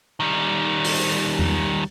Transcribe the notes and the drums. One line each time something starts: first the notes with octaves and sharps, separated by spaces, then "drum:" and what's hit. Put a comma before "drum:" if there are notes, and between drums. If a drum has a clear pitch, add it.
D#3 G3
drum: open hi-hat
drum: tom E2